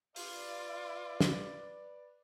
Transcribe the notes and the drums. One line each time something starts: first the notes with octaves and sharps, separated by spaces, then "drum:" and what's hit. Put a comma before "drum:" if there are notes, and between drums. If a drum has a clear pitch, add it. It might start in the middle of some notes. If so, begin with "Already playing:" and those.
F4 B4 D5, drum: open hi-hat
drum: snare